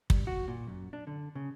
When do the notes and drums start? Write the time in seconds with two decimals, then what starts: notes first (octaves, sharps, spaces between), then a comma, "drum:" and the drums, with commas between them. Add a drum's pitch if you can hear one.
0.10 G2, drum: kick
0.27 F#4
0.48 A#2
0.67 F#2
0.93 D4
1.07 D3
1.35 C#3